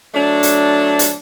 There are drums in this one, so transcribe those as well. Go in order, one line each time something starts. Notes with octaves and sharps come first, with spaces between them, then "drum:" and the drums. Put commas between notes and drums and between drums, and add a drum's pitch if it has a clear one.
F#3 A3 D4
drum: hi-hat
drum: hi-hat